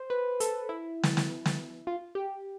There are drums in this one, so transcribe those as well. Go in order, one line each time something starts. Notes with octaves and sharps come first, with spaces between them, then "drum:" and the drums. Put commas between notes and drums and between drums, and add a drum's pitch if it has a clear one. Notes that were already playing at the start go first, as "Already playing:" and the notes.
Already playing: C5
B4
A4, drum: hi-hat
E4
drum: snare
drum: snare
drum: snare
F4
G4